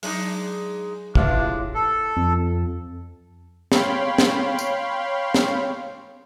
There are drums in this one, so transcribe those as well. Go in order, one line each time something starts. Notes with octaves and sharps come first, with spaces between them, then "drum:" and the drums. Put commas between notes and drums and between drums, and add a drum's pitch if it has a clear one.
F#3 G#3 D4 D#4, drum: open hi-hat
A2 G#3 D4 F4 G4 B4 C#5 E5, drum: kick
A4
F2
C#5 F5 G5 B5 C6, drum: snare
drum: snare
drum: tambourine
drum: snare